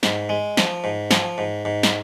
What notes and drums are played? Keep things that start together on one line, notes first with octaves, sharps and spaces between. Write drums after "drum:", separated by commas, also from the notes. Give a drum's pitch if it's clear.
G#2, drum: snare
G#3
F3, drum: snare
G#2
F3, drum: snare
G#2
G#2
drum: snare